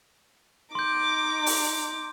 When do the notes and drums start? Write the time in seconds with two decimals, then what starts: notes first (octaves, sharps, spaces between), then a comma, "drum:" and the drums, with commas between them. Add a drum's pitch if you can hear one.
0.75 D#4 C6 D6 G6
1.46 drum: open hi-hat